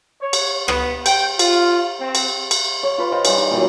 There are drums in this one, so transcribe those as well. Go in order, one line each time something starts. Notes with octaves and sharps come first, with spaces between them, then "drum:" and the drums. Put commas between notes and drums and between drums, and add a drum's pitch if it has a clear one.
C#5
drum: cymbal
B3, drum: rim click
G5, drum: cymbal
F4, drum: cymbal
C4
drum: cymbal
drum: cymbal
C#5
F4 B4 F5 C6
F4 C5 D#5 G5
E3 G3 C5, drum: cymbal
D#4
A#2 D#3 E3 F#3